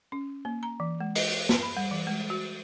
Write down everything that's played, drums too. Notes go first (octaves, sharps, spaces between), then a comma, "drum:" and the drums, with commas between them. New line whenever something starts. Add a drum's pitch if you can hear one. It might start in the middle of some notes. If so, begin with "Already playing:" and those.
C#4
A#3
A#5
E3
G#3
D#5, drum: open hi-hat
drum: snare
B5
G3
E3
G#3
F#4